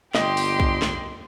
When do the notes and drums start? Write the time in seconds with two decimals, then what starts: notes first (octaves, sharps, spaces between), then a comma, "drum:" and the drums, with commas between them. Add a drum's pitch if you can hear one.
0.15 G1 G4 D#5 G5 C6, drum: snare
0.37 drum: open hi-hat
0.60 drum: kick B1
0.82 drum: snare